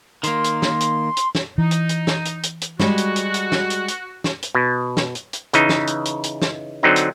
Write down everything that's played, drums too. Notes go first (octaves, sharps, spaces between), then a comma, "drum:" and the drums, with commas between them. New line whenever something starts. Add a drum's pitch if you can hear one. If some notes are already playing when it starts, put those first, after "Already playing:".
D#3 A#3 C6, drum: hi-hat
drum: hi-hat
drum: snare
drum: hi-hat
drum: hi-hat
drum: snare
E3 D#4
drum: hi-hat
drum: hi-hat
drum: snare
drum: hi-hat
drum: hi-hat
drum: hi-hat
G3 G#3 F#4, drum: snare
drum: hi-hat
drum: hi-hat
drum: hi-hat
drum: snare
drum: hi-hat
drum: hi-hat
drum: snare
drum: hi-hat
B2
drum: snare
drum: hi-hat
drum: hi-hat
C#3 E3 D#4, drum: hi-hat
drum: snare
drum: hi-hat
drum: hi-hat
drum: hi-hat
drum: snare
D3 F#3 C4 D#4
drum: hi-hat